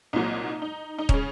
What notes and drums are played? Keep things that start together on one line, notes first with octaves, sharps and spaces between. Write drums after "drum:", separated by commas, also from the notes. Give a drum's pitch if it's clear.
C2 A#2 F#3 D#4
D#4
D#4
C#3 C#4, drum: kick